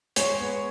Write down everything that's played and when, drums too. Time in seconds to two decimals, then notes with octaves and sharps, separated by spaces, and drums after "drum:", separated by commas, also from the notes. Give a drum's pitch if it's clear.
0.16 G#3 C#5, drum: hi-hat
0.40 B3